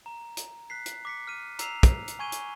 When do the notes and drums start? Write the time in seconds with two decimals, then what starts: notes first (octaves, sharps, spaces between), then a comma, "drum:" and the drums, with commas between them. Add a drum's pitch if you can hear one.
0.06 A#5
0.37 drum: hi-hat
0.70 F#6 B6 C7
0.86 drum: hi-hat
1.05 D6 B6 C#7
1.28 F6 D#7
1.59 A#5 E6 C7 F7, drum: hi-hat
1.83 drum: kick, hi-hat
2.08 drum: hi-hat
2.19 G#5 C#6 G#6 D#7 G7
2.32 drum: hi-hat